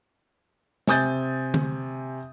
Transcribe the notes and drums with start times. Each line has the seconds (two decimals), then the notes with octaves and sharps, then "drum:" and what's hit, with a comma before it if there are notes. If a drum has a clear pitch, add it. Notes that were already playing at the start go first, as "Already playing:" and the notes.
0.87 C3 G#5 D#6 G6 A6, drum: snare
1.54 drum: tom D3